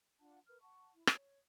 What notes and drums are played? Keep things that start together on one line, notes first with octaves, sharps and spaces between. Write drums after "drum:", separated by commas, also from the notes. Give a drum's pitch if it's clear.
D4 F4 F#5 A5
A#4 B4 F6
F#5 A5 C#6
E4
C#5, drum: rim click